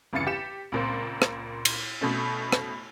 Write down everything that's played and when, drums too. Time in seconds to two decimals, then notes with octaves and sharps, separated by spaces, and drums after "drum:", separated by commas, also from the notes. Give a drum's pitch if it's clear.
0.13 G1 E2 C#3 F5 A6 C#7
0.27 G4 E7
0.72 C#2 A#2 C4
1.22 drum: rim click
1.65 drum: cymbal
2.01 B2 A3 C#4
2.52 drum: rim click